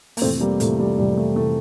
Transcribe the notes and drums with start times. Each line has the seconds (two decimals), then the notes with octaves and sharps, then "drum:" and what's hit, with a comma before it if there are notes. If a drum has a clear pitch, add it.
0.17 A#3, drum: open hi-hat
0.22 F2 C3 E3 A3 C4
0.40 G3 A#3
0.60 F2 C3 E3 A3, drum: hi-hat
0.79 G3
0.98 F2 C3 E3 G3
1.17 A3
1.36 C3 E3 A3